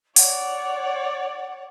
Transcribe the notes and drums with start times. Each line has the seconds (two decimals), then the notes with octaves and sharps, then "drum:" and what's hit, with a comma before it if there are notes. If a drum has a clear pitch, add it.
0.16 C#5 D5 F#5, drum: open hi-hat